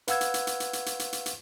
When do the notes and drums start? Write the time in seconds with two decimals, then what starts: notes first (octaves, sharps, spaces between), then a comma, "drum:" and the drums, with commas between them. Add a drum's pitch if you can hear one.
0.08 B4 F5 F#5 E6 G#6, drum: hi-hat
0.21 drum: hi-hat
0.34 drum: hi-hat
0.47 drum: hi-hat
0.60 drum: hi-hat
0.73 drum: hi-hat
0.86 drum: hi-hat
0.99 drum: hi-hat
1.13 drum: hi-hat
1.26 drum: hi-hat